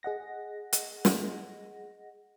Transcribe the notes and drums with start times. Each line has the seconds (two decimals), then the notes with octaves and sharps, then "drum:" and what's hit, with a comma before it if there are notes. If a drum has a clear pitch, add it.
0.03 G#4 D#5 F#5 A#6
0.73 drum: hi-hat
1.05 drum: snare